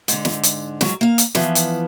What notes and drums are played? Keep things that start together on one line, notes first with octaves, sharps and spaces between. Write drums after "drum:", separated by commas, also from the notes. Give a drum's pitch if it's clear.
G#2 D3, drum: hi-hat
drum: snare
drum: hi-hat
G#2 F#3, drum: snare
A#3 F5
drum: hi-hat
E3 F3 B3, drum: snare
drum: hi-hat